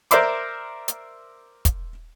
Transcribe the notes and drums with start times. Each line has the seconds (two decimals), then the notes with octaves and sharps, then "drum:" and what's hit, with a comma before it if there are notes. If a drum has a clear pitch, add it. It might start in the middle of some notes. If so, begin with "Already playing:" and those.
0.11 A#4 C5 D5 E5 C6 D6, drum: hi-hat
0.88 drum: hi-hat
1.65 drum: kick, hi-hat